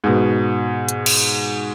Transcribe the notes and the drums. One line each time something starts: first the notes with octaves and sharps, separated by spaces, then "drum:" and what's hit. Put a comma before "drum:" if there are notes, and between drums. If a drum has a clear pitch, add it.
G#2 B2
drum: hi-hat
drum: cymbal